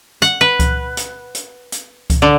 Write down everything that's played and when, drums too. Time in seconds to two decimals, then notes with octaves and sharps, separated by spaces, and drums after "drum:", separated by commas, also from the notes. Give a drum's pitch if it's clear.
0.22 F#5, drum: hi-hat
0.41 B4
0.60 drum: kick C#2, hi-hat
0.97 drum: hi-hat
1.35 drum: hi-hat
1.72 drum: hi-hat
2.10 drum: kick C#2, hi-hat
2.22 D3